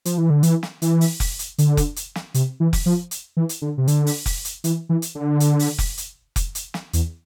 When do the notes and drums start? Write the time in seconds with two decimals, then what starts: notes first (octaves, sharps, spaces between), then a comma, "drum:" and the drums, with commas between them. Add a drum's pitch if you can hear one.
0.05 F3, drum: hi-hat
0.18 E3
0.30 D3
0.43 E3, drum: hi-hat
0.63 drum: snare
0.82 E3, drum: hi-hat
1.01 drum: open hi-hat
1.20 drum: kick F1, open hi-hat
1.39 drum: hi-hat
1.58 D3, drum: hi-hat
1.77 drum: kick F1, hi-hat
1.96 drum: hi-hat
2.15 drum: snare
2.34 C3, drum: hi-hat
2.60 E3
2.73 drum: kick F1, open hi-hat
2.86 F3
3.11 drum: hi-hat
3.37 E3
3.49 drum: hi-hat
3.62 D3
3.78 C3
3.88 D3, drum: hi-hat
4.07 drum: open hi-hat
4.26 drum: kick F1, open hi-hat
4.45 drum: hi-hat
4.64 E3, drum: hi-hat
4.89 E3
5.02 drum: hi-hat
5.15 D3
5.40 drum: hi-hat
5.59 drum: open hi-hat
5.78 drum: kick F1, open hi-hat
5.98 drum: hi-hat
6.36 drum: kick F1, hi-hat
6.55 drum: hi-hat
6.74 drum: snare
6.93 E2, drum: hi-hat